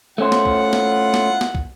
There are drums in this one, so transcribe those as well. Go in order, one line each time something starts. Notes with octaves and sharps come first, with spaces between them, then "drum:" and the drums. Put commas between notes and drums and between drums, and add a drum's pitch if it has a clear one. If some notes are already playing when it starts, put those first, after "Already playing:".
A3 C#4 E4 F4 C5 F#5
drum: snare
drum: kick
drum: snare
drum: snare
drum: snare
drum: kick